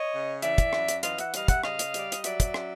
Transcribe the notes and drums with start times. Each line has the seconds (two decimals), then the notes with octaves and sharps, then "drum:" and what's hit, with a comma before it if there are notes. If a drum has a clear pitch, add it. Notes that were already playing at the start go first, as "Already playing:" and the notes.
Already playing: C#5 D#5
0.13 C#3
0.42 E3 D5 E5, drum: hi-hat
0.58 drum: kick, hi-hat
0.73 F#2, drum: rim click
0.88 drum: hi-hat
1.03 E3 D#5 F5, drum: hi-hat
1.18 E5 F#5, drum: hi-hat
1.34 G3 D#5 F5, drum: hi-hat
1.48 E5 F#5, drum: kick, hi-hat
1.64 C#3 D#5 F5, drum: rim click
1.79 drum: hi-hat
1.94 G3 D5, drum: hi-hat
2.12 D#5, drum: hi-hat
2.24 F#3 D5 E5, drum: hi-hat
2.40 drum: kick, hi-hat
2.54 C#4, drum: rim click